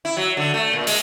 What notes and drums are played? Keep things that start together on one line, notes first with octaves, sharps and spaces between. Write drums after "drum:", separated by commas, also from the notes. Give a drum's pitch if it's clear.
E4
F#3
D3
A3
A#2
G#3, drum: open hi-hat